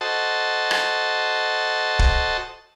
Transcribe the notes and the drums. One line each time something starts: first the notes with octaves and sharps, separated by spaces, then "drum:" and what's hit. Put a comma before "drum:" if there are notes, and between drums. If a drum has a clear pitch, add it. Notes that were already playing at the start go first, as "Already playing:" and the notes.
F#4 A4 C5 D#5 A5
drum: rim click
drum: kick